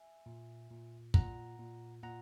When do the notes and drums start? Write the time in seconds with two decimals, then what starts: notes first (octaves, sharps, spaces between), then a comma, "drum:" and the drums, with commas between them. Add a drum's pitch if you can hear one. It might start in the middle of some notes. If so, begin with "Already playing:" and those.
Already playing: E5 G#5
0.26 A#2
0.71 A#2
1.14 A#2 F#5 A#5, drum: kick
1.59 A#2
2.03 A#2 F#5 A#5